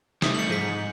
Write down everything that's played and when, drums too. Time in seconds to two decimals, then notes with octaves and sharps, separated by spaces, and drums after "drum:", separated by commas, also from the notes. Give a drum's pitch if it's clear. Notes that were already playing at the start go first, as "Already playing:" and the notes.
0.22 C3 G3 A3 D#4 E5 D#6, drum: snare
0.35 C#7 F#7
0.49 G#2 F3 G#4 G6 B6